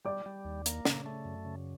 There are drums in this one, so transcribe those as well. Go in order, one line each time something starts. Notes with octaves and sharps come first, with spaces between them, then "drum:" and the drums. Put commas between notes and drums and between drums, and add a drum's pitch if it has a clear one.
G3 D5 D6
G3
D#2
A#3, drum: hi-hat
C#3, drum: snare
A3
F#2
C#3